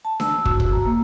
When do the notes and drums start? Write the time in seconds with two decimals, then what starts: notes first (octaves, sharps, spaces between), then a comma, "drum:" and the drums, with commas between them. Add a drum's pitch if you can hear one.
0.05 A5
0.20 E6, drum: snare D4
0.45 F#4, drum: kick
0.60 drum: kick
0.73 A#5
0.86 A#3